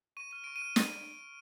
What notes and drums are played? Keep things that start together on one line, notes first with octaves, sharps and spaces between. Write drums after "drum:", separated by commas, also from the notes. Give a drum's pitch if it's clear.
C#6 D#7
F6 D#7
C#6 D7
D#7
F6
drum: snare